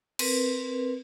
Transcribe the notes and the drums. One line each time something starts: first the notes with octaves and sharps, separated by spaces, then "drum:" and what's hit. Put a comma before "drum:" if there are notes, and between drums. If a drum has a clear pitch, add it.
C4 A#4 B4, drum: cymbal